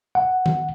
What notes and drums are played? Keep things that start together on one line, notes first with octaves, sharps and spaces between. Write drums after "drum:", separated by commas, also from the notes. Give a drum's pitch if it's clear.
F#5
drum: tom D#3